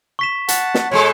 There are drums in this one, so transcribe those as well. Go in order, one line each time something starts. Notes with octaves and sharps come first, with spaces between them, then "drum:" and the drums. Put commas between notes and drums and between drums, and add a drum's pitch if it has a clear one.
C#6 B6 E7
F#5 A5, drum: hi-hat
drum: snare
B2 G#3 A4 C#5